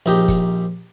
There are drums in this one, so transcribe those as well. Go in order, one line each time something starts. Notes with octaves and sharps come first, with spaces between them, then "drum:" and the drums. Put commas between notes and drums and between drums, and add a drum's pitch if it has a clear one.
A#1 D#4 G4
drum: kick F#1, hi-hat